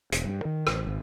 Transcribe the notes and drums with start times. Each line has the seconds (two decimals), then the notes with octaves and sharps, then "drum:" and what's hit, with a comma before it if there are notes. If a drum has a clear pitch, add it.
0.12 E1, drum: hi-hat
0.25 G2
0.45 D#3
0.67 A1, drum: rim click
0.87 G#1